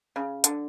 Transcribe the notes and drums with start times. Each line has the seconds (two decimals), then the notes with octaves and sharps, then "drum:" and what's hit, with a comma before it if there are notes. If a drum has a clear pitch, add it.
0.16 C#3
0.44 D3, drum: hi-hat